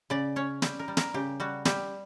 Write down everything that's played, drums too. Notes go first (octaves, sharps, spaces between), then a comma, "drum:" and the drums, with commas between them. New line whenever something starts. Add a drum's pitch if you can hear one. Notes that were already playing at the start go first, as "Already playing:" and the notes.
C#3 D5
C#4 C#5
G3 G4, drum: snare
A#4
G3
A#4, drum: snare
C#3 G4
G3 F#4
G3 G4, drum: snare